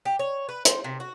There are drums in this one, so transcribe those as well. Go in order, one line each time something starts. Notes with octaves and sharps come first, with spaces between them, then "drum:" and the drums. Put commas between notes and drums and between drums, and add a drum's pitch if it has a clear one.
G4
C#5
B4
C5, drum: hi-hat
C3
F#4